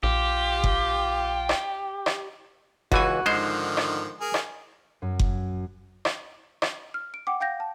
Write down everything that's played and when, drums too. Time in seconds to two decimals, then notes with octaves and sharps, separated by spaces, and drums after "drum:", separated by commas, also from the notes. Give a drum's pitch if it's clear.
0.03 A#1 F4 G4
0.64 drum: kick F#1
1.49 drum: rim click
2.06 drum: rim click
2.92 C#2 E3 F#4 G#5, drum: kick F#1
3.26 G#2 D3 D#3 F3 G#3 C5
3.77 drum: rim click
4.21 G#4 A#4
4.34 drum: rim click
5.02 F#2
5.19 drum: kick F#1
6.05 drum: rim click
6.62 drum: rim click
6.94 F6
7.14 D7
7.27 F#5 G5 D6
7.40 F5 G5 G6 A#6
7.60 A5